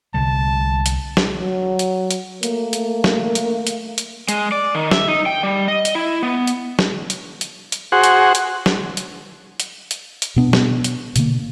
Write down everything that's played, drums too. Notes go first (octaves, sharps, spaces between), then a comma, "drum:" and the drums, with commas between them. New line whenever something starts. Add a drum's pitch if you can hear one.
C2 D3 G3 A5
drum: hi-hat
drum: snare
F#3
drum: hi-hat
drum: hi-hat
A3 A#3, drum: hi-hat
drum: hi-hat
drum: snare
drum: hi-hat
drum: hi-hat
drum: hi-hat
G#3, drum: hi-hat
D5
D#3
E5, drum: snare
D#4
G5
G3
D#5
drum: hi-hat
E4
B3
drum: hi-hat
drum: snare
drum: hi-hat
drum: hi-hat
drum: hi-hat
F#4 G#4 C5 F#5
drum: hi-hat
drum: hi-hat
drum: snare
drum: hi-hat
drum: hi-hat
drum: hi-hat
drum: hi-hat
B2 B3 D4
drum: snare
drum: hi-hat
B2 D3 A#3, drum: hi-hat